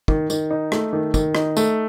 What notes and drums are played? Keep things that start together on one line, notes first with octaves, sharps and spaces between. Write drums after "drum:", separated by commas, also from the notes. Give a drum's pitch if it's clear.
D#3, drum: kick
D#3, drum: tambourine
D#4
A3, drum: rim click
D#3
D#3, drum: kick, tambourine
D#4, drum: rim click
A3, drum: tambourine